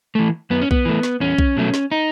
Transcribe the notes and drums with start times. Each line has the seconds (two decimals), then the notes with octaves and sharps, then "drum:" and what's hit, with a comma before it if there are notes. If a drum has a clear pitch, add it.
0.15 E3 A3
0.50 F#2 B3
0.61 C#4
0.71 B3, drum: kick B1
0.85 E3 A3
1.03 drum: snare
1.20 E2 C#4
1.38 drum: kick B1
1.57 B2 F#3 A3
1.74 drum: snare
1.92 D#4